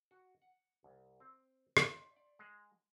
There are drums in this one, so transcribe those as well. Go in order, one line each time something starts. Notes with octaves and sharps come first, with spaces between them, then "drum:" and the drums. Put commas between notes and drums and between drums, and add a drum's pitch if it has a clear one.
F#4
F#5
C2
C4
D#5, drum: rim click
D5
G#3